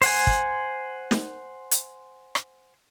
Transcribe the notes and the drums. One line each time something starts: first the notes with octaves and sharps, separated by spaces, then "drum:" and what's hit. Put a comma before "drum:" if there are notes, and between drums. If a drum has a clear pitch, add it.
C5 F#5 G#5, drum: open hi-hat
drum: kick
drum: snare
drum: hi-hat
drum: rim click